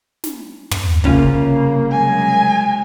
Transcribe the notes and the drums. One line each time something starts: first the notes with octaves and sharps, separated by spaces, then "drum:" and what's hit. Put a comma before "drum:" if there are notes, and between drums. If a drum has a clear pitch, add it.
drum: snare
drum: tom
C2 C#3 A#3 C#4 F4, drum: kick
F#3 G#3 G#5